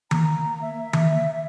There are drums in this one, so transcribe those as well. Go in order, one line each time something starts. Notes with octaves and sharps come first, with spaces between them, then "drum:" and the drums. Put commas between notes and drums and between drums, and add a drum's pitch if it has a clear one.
A#3 A#5, drum: tom D#3
E5
drum: tom D#3